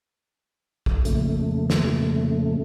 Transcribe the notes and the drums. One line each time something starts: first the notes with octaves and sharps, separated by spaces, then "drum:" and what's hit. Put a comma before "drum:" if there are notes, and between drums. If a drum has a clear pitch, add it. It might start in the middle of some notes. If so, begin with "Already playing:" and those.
drum: kick A#1
F2 A#2 C#3 A3, drum: hi-hat
drum: snare